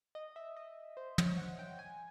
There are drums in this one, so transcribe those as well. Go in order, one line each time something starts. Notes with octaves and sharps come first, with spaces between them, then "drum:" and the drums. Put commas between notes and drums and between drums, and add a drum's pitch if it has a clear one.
D#5
E5
D#5
C5
C#5, drum: tom
F#5
G5
G#5